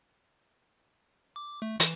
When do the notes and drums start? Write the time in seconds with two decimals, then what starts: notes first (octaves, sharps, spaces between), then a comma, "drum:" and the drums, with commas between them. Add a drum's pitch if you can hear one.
1.36 D6
1.62 A3
1.80 E3, drum: hi-hat